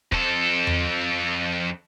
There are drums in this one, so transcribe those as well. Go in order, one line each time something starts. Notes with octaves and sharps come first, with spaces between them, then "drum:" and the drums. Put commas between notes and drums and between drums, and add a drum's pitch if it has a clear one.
F2 A4, drum: kick
drum: tom E2